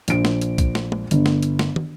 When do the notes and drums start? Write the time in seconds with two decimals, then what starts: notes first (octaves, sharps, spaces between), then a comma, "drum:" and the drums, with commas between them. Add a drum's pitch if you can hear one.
0.08 A#1 D7, drum: hi-hat
0.25 drum: snare
0.41 drum: hi-hat
0.58 drum: kick, hi-hat
0.75 drum: snare
0.92 drum: tom
1.11 G1, drum: hi-hat
1.26 drum: snare
1.43 drum: hi-hat
1.59 drum: snare
1.76 drum: tom